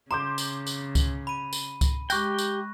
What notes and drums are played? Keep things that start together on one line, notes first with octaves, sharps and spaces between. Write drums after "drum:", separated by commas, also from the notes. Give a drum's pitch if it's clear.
C#3 A#5 C6 D6 G6
drum: tambourine
drum: tambourine
drum: kick C#2, tambourine
B5 D#7
drum: tambourine
drum: kick C#2, tambourine
G#3 G4 G5 C#6 F#6 A#6, drum: tambourine
drum: tambourine